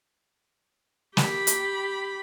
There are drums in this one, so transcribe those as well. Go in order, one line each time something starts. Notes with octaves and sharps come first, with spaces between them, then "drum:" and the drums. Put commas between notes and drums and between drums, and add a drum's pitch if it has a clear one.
G4 B5, drum: snare
drum: hi-hat